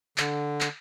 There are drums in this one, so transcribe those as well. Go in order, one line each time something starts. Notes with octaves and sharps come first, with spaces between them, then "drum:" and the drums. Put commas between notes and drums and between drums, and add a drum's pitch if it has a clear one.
D3, drum: clap
drum: clap